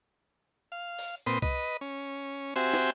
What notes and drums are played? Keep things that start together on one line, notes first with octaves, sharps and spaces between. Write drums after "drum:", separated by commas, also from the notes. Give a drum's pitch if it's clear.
F5
drum: open hi-hat
A#2 C4 B4 C6 D#6
B4 D#5, drum: kick C2
C#4
C4 F#4 G4 C5 E5 G#5
drum: snare